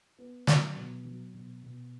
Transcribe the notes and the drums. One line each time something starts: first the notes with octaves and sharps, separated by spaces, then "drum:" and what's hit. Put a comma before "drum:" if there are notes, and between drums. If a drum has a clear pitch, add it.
B3
F#3, drum: snare
B2
F#3
B2
B2